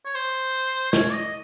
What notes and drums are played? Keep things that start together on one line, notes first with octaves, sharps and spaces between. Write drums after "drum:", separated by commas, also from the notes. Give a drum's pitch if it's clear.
C#5
C5
C#5, drum: snare
D#5